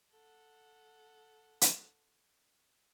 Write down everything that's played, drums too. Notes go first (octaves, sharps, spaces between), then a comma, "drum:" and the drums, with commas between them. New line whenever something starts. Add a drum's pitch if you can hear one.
A4 F#5
drum: hi-hat